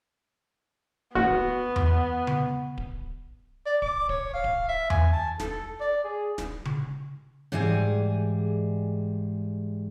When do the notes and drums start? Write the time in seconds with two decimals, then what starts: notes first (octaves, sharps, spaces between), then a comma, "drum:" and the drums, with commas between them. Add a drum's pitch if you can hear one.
1.15 B3 F#4, drum: kick D1
1.76 drum: tom E2
2.27 drum: tom C#3
2.78 drum: kick D1
3.66 D5
3.82 D6, drum: kick D1
4.09 C#5, drum: kick D1
4.34 F5
4.44 drum: kick D1
4.69 E5
4.90 G#5, drum: tom E2
5.12 A5
5.40 A4, drum: snare
5.80 D5
6.04 G#4
6.38 drum: snare
6.65 drum: tom C#3
7.52 G#2 E3 G3 G#4 G#5